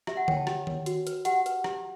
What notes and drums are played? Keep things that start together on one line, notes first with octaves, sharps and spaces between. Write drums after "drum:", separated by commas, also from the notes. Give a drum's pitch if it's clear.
G4 E5, drum: rim click
F#5
C#5 G5, drum: tom D3
A5
G4, drum: rim click
C#5, drum: tom D#3
F#4, drum: hi-hat
B4, drum: hi-hat
G4 F#5, drum: hi-hat
B4, drum: hi-hat
G4, drum: rim click